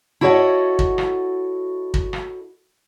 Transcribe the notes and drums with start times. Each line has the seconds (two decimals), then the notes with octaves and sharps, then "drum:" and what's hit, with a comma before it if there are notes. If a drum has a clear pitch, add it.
0.21 E4 F#4 A4 C#5 D#5 F#5
0.79 drum: kick
0.98 drum: rim click
1.94 drum: kick
2.13 drum: rim click